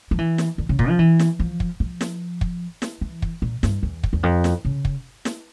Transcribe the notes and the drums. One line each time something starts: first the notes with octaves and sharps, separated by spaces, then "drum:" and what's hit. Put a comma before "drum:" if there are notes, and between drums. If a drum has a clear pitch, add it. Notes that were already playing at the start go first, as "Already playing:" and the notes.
F3
E3
drum: snare
D3
C#3
A#2, drum: kick
F3
E3
drum: snare
F3
drum: kick
F3
drum: snare
drum: kick
drum: snare
E3
drum: kick
A#2
G2, drum: snare
E2
drum: kick
E2
F2
drum: snare
C#3
drum: kick
drum: snare